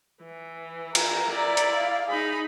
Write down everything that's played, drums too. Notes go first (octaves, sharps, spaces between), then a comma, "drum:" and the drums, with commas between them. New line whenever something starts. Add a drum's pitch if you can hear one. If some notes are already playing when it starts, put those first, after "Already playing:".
E3
A#4, drum: cymbal
E4 D5
drum: hi-hat
F5
D#4 G#4 B5